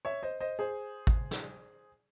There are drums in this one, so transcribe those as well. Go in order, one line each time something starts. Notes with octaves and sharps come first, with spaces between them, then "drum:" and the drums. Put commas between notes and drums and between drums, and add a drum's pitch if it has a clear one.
C#5 E5
C5 D#5
C5 D#5
G#4 C5
drum: kick G#1
drum: snare